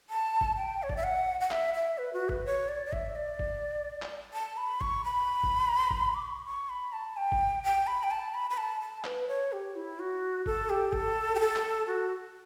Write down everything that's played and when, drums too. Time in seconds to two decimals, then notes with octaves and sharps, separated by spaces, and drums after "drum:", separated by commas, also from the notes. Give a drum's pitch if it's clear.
0.10 A5
0.41 drum: kick G#1
0.57 G5
0.83 C#5
0.89 D5, drum: kick G#1
0.96 E5
1.04 F#5
1.41 F#5
1.51 E5, drum: clap
1.74 E5
1.98 B4
2.13 F#4
2.29 B4, drum: kick G#1
2.46 C#5
2.69 D5
2.86 D5
2.93 E5, drum: kick G#1
3.15 D5
3.39 drum: kick G#1
4.02 drum: clap
4.34 A5
4.57 B5
4.81 C#6, drum: kick G#1
5.04 B5
5.43 drum: kick G#1
5.91 drum: kick G#1
6.14 D6
6.22 C#6
6.45 C#6
6.69 B5
6.93 A5
7.17 G5
7.32 drum: kick G#1
7.63 G5
7.87 B5
8.03 G5
8.11 A5
8.34 B5
8.50 B5
8.57 A5
8.81 A5
9.04 B4, drum: clap
9.28 C#5
9.52 G4
9.76 E4
9.99 F#4
10.46 A4, drum: kick G#1
10.70 G4
10.93 A4, drum: kick G#1
11.35 G4
11.40 A4
11.56 drum: clap
11.87 F#4